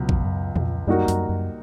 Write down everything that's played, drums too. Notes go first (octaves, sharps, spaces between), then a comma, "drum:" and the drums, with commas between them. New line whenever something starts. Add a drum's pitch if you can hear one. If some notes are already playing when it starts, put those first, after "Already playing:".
Already playing: C#2 B2 F#3
F2, drum: kick A#1
F#2
F2, drum: tom A#2
F#2 G3 A#3 D#4 F#4 A#4
F#2, drum: hi-hat
F#2